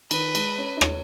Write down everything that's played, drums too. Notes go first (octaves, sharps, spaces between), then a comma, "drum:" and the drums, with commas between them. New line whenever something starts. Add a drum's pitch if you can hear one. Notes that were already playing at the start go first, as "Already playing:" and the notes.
D#3 B4, drum: cymbal
G#3, drum: cymbal
C#4
D#4
C#4, drum: rim click